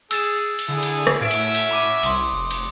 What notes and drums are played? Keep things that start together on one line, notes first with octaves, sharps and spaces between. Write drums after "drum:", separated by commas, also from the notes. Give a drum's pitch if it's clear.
G#4 E6 A6 E7, drum: cymbal
drum: cymbal
D3 E4 G#4
drum: cymbal
drum: rim click
A2 C#4 F#4 E5 G#6 D7
drum: cymbal
drum: cymbal
B5 D6 D#7
C2 C6 D#6, drum: cymbal
F1
drum: cymbal